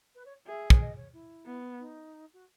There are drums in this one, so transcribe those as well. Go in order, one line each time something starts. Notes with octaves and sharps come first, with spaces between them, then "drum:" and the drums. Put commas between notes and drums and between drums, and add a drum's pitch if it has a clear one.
B4
C#5
G#4 E5
C#5, drum: kick
D#5
C#5
E4
B3
D#4
F#4